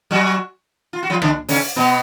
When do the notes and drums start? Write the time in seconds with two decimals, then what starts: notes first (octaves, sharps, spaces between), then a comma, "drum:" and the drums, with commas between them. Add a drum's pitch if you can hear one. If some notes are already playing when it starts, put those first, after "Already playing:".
0.11 F#3 F#4
0.93 F4
1.03 F#4
1.10 F3 F4
1.22 D3 D4, drum: rim click
1.49 C#3 C#4, drum: open hi-hat
1.76 B2 B3